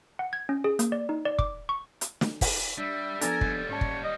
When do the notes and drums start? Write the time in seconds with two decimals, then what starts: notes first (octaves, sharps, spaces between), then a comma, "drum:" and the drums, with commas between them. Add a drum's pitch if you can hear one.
0.19 F#5
0.33 G#6
0.49 C#4
0.64 G#4
0.79 A#3, drum: hi-hat
0.92 D5
1.09 D#4
1.25 D5
1.39 D6, drum: kick
1.69 C#6
2.01 drum: hi-hat
2.21 drum: snare
2.41 drum: kick, open hi-hat
2.78 G3 D4 E5
3.21 F3 B3 D4 A4 A#4 G#5 A#5, drum: hi-hat
3.41 D#2 G3, drum: kick
3.69 G#2 C#4 C#5 A5
3.81 drum: kick
4.04 D#5